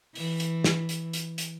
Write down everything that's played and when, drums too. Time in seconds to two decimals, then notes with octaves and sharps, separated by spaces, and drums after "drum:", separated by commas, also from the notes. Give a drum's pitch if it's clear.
0.15 E3, drum: open hi-hat
0.40 drum: hi-hat
0.64 drum: snare
0.89 drum: hi-hat
1.13 drum: hi-hat
1.38 drum: hi-hat